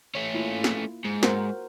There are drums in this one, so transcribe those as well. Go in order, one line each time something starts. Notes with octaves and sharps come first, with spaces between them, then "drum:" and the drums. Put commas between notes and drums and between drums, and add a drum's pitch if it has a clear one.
A3 C#4
A#3 E4 F4
drum: snare
G#2
F#4 A#4 C5, drum: snare